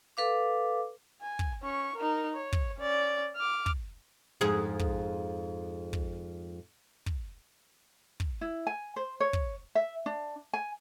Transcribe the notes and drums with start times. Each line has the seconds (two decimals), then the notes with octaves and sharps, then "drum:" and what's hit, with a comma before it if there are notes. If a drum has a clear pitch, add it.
0.17 A4 B4 F5 D6
1.21 G#5
1.39 drum: kick
1.63 C#4 C#6
1.96 D#4 A#4
2.35 C#5
2.53 drum: kick
2.78 C#4 D5
3.36 D6 F6
3.66 drum: kick
4.41 F2 G#2 G#4
4.79 drum: kick
5.93 drum: kick
7.06 drum: kick
8.20 drum: kick
8.41 E4
8.67 G#5
8.96 C5
9.20 C#5
9.33 drum: kick
9.75 E5
10.06 D4
10.54 G#5